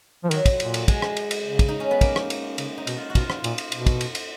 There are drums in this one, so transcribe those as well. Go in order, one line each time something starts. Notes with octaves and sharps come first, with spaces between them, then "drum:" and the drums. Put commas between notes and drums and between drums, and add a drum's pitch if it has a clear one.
F3
D#3 F#3, drum: cymbal
drum: kick, cymbal
A#2, drum: cymbal
drum: cymbal
G#3, drum: kick, cymbal
drum: rim click
drum: cymbal
drum: cymbal
C#3
drum: kick, cymbal
D#4
C#4
B3
A#3, drum: kick, cymbal
drum: rim click
drum: cymbal
C#3, drum: cymbal
D#4
B2, drum: cymbal
F4
F#4
B2 F4, drum: kick, cymbal
drum: rim click
A#2, drum: cymbal
drum: cymbal
B2, drum: cymbal
drum: kick, cymbal
drum: cymbal
drum: cymbal